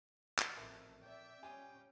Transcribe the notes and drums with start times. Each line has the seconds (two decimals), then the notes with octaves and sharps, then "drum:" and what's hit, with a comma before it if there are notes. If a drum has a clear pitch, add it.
0.39 drum: clap
0.57 A1 F2 D#3 A3
1.03 D5 E5 G5
1.43 G3 C#4 F4 G#5 D#6